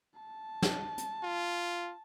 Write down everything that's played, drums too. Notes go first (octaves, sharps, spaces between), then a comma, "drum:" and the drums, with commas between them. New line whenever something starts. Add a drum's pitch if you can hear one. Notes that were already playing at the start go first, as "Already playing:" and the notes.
A5
drum: snare
drum: hi-hat
F4